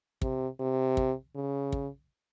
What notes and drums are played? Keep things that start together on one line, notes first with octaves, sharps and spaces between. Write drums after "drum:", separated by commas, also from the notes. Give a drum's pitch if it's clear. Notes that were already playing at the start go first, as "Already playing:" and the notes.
C3, drum: kick
C3
drum: kick
C#3
drum: kick